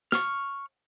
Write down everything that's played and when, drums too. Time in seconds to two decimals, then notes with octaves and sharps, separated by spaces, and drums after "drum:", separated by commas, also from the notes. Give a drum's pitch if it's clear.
0.12 C#6 F6, drum: snare